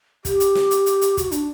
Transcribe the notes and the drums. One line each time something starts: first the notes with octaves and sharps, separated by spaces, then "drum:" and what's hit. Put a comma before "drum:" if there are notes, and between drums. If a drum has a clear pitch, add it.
G4, drum: kick, hi-hat
drum: hi-hat
drum: snare
drum: hi-hat
drum: hi-hat
drum: hi-hat
F#4, drum: kick, hi-hat
D4, drum: hi-hat